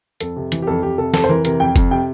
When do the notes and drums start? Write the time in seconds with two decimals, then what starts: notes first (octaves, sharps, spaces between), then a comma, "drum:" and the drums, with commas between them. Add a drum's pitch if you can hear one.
0.20 F2 A4, drum: hi-hat
0.36 C3
0.52 E3, drum: hi-hat
0.62 G4
0.67 F2 A4
0.83 F2 G4
0.98 C3 A4
1.14 F2 A4, drum: snare
1.24 C5
1.29 E3 A#4
1.45 C3 A#4, drum: hi-hat
1.60 F2 G5
1.76 F2, drum: kick, hi-hat
1.91 C3 G5